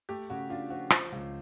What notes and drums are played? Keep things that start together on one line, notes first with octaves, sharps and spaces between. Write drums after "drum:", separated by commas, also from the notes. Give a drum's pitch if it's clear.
A3 G4
C#3 F#4
D4 F4
F3 F#4
F3 C5, drum: rim click
C#2